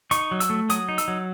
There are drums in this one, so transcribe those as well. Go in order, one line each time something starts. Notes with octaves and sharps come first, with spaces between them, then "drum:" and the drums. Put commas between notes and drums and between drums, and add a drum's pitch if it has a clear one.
D#4 C#6, drum: hi-hat
F#3
E6, drum: hi-hat
A3
F#3 D#6, drum: hi-hat
D#4
E6, drum: hi-hat
F#3